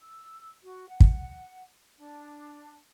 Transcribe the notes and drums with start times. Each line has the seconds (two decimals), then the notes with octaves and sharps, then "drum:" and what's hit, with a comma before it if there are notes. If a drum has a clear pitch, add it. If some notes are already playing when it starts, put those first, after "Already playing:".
0.02 E6
0.64 F#4
0.89 F#5
1.00 drum: kick
1.99 D4